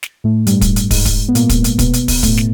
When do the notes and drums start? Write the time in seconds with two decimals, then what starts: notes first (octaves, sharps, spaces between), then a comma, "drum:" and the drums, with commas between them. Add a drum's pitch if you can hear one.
0.03 drum: snare
0.24 A2 A3
0.47 G2 G3, drum: hi-hat
0.61 drum: kick, hi-hat
0.76 drum: hi-hat
0.91 G#2 G#3, drum: kick, open hi-hat
1.05 drum: kick, hi-hat
1.29 B3
1.35 A#2 A#3, drum: hi-hat
1.49 drum: kick, hi-hat
1.64 drum: hi-hat
1.79 B2 B3, drum: kick, hi-hat
1.93 drum: hi-hat
2.08 drum: kick, open hi-hat
2.23 A2 A3, drum: kick, hi-hat
2.37 drum: snare